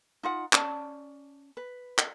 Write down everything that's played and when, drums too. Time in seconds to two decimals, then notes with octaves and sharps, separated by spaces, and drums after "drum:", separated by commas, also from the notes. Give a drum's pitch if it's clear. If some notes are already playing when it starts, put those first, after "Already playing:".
0.23 D#4 F4 F#5
0.53 C#4 D5 A5, drum: clap
1.57 B4
1.98 drum: clap